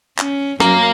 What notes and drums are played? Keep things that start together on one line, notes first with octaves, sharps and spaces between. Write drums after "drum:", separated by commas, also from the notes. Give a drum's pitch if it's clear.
C#4, drum: clap
F#2 A#3, drum: rim click